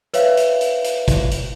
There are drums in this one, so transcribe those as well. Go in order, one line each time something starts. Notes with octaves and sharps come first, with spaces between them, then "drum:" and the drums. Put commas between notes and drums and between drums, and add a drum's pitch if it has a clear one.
B4 C#5 E5 F5, drum: hi-hat
drum: hi-hat
drum: hi-hat
drum: hi-hat
drum: kick, hi-hat
drum: hi-hat